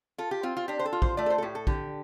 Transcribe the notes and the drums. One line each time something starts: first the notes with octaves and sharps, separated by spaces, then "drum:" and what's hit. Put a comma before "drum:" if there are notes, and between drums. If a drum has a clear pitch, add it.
F4 A4
G4
C4 F4
F4
D4 G4
C5
A4
F4
C5, drum: kick
A3 D5
A4
C5
A4
A2 G4
A4
D3 G4, drum: kick